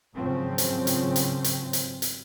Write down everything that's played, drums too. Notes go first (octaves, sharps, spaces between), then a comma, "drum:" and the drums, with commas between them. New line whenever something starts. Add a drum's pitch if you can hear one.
G#1 C#3 F3 F#3 C4 C#4
drum: hi-hat
drum: hi-hat
drum: hi-hat
drum: hi-hat
drum: hi-hat
drum: hi-hat